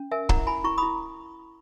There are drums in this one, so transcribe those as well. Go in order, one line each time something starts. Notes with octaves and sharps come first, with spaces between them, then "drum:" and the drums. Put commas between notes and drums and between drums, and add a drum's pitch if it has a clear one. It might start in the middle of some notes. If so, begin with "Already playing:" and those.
Already playing: C#4
A#4 E5 G#5
E4 F#5 A#5, drum: kick
E4 G#5 B5
E4 A#5 C#6
B5 D#6
E4